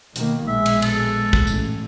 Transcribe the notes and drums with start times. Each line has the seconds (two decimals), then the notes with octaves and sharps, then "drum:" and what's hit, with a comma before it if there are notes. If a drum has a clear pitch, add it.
0.16 B2 D#3 A#3, drum: hi-hat
0.47 A#1 B2 G#3 E5
0.66 drum: cymbal
0.82 A4, drum: cymbal
1.33 drum: kick
1.47 A1, drum: tambourine